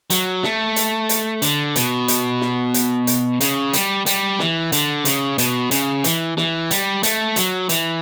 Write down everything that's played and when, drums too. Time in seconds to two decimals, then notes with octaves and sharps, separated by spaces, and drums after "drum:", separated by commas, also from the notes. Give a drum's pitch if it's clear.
0.10 F#3, drum: hi-hat
0.43 A3, drum: snare
0.76 drum: hi-hat
1.09 drum: hi-hat
1.42 D3, drum: hi-hat
1.76 B2, drum: hi-hat
2.08 drum: hi-hat
2.41 drum: snare
2.74 drum: hi-hat
3.07 drum: hi-hat
3.41 C#3, drum: hi-hat
3.73 G3, drum: hi-hat
4.06 G3, drum: hi-hat
4.39 E3, drum: snare
4.72 D3, drum: hi-hat
5.05 C#3, drum: hi-hat
5.38 B2, drum: hi-hat
5.71 C#3, drum: hi-hat
6.04 E3, drum: hi-hat
6.37 E3, drum: snare
6.71 G3, drum: hi-hat
7.03 A3, drum: hi-hat
7.36 F#3, drum: hi-hat
7.69 E3, drum: hi-hat